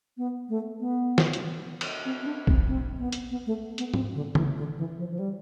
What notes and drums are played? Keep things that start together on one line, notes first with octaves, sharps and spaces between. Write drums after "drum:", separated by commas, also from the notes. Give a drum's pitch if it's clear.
B3
A3
B3
drum: snare
drum: hi-hat
drum: cymbal
C4
C4
D4
C4, drum: kick
C4
B3
drum: hi-hat
B3
A3
B3, drum: hi-hat
C4, drum: tom G#2
D3
E3, drum: tom C#3
D3
E3
F3
F3
G3